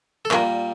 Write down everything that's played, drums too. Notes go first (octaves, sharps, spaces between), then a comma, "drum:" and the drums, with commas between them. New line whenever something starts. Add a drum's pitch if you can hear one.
A4
A#2 G3 A#3 A#4, drum: clap